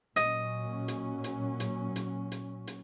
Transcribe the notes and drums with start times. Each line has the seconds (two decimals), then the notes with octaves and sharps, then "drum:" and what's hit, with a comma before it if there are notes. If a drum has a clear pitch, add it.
0.16 A#2 F#3 C#4 D#5, drum: hi-hat
0.88 drum: hi-hat
1.24 drum: hi-hat
1.60 drum: hi-hat
1.96 drum: hi-hat
2.32 drum: hi-hat
2.67 drum: hi-hat